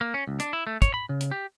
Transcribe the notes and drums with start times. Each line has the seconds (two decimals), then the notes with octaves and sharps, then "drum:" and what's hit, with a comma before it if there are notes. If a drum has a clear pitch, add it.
0.01 A#3
0.14 C#4
0.27 C#2
0.40 D4, drum: hi-hat
0.53 E4
0.67 A3
0.82 C#5, drum: kick, hi-hat
0.94 B5
1.09 C#3
1.21 drum: hi-hat
1.31 G4